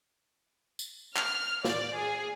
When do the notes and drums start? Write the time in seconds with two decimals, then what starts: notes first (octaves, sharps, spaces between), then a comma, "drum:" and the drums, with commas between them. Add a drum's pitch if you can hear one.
0.79 drum: tambourine
1.16 F6, drum: clap
1.65 D5, drum: snare
1.97 G#4